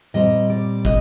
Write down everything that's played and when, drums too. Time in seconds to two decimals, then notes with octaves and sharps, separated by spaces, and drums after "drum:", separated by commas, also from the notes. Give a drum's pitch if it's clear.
0.14 A#2 G3 C4 D#5
0.50 D5
0.85 D#5, drum: kick